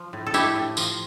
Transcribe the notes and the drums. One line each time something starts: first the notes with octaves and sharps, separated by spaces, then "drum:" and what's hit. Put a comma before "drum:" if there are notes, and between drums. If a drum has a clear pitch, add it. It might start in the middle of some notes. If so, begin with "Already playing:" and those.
Already playing: F3
A2
A4
A3 E4 G4, drum: tambourine
A2
F3, drum: tambourine